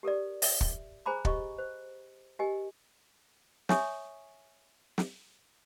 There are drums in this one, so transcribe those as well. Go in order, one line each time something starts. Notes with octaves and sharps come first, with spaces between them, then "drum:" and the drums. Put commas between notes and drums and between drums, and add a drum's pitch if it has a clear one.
G4 A4 A#4 D5
E5, drum: open hi-hat
drum: kick
G#4 C5 G#5 A#5 B5 D6
G4 D#5 C#6, drum: kick
C5
G4 A#4 D#5 G#5
C#5 E5 G#5 C#6 D#6, drum: snare
drum: snare